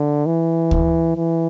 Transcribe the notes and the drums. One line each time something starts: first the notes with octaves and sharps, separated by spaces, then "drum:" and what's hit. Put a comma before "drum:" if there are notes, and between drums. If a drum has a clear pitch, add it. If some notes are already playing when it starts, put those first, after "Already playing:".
Already playing: D3
E3
drum: kick D2
E3